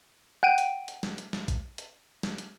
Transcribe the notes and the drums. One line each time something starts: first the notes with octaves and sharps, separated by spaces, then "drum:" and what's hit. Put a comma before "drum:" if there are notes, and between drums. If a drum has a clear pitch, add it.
F#5 G5 D7 D#7
drum: hi-hat
drum: hi-hat
drum: snare
drum: hi-hat
drum: snare
drum: kick A1, hi-hat
drum: hi-hat
drum: snare
drum: hi-hat